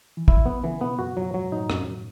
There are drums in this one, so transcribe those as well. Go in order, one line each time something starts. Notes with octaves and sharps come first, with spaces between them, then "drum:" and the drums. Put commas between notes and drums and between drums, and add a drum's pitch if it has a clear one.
E3
F#3 E4, drum: kick
B3
C#3 E3
B2 B3
F#2 F#4
F#2 F#3
G#2 F#3
A2 D#4
F#2, drum: rim click